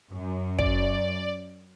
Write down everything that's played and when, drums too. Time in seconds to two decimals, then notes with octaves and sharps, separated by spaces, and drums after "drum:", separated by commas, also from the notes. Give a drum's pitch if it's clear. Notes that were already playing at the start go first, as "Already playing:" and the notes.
0.12 F#2
0.59 D5, drum: kick